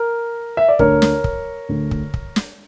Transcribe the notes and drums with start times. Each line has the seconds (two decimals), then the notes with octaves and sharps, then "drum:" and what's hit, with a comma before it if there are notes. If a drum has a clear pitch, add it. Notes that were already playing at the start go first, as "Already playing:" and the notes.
Already playing: A#4
0.57 E5
0.69 D5
0.79 D2 D3 A#4 C#5, drum: kick
1.02 drum: snare
1.24 drum: kick
1.69 D2 D3
1.91 drum: kick
2.14 drum: kick
2.36 drum: snare